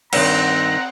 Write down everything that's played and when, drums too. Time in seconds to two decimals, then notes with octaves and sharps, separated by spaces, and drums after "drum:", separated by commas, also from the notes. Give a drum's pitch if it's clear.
0.13 G2 D#3 C4 F#5 A#5, drum: cymbal